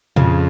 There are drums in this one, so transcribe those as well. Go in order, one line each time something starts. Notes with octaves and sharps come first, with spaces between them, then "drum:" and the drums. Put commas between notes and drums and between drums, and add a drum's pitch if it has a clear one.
F2 C#3, drum: tom